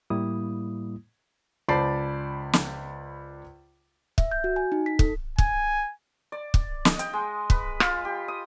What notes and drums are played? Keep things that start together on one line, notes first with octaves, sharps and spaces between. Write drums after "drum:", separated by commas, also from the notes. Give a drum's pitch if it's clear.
A2 G3 A#3 E4 D#6
C#2 C5 D5 A5 B5 C7
drum: snare
E5, drum: kick
G6
F#4
G#5
D#4
B6
A4, drum: kick
G#5, drum: kick
D5
drum: kick
D#5, drum: snare
G5, drum: hi-hat
G#3
B4, drum: kick
F4, drum: rim click
G4
D#6